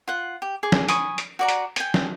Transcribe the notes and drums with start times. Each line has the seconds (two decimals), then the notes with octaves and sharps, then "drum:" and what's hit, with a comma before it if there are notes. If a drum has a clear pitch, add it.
0.08 F4 F#5
0.42 G4
0.63 G#4 D6
0.72 drum: snare
0.89 G#5 B5 C#6 D#6, drum: hi-hat
1.18 drum: hi-hat
1.39 F#4 D5 A#5
1.48 drum: hi-hat
1.76 G5 G#5, drum: hi-hat
1.94 drum: snare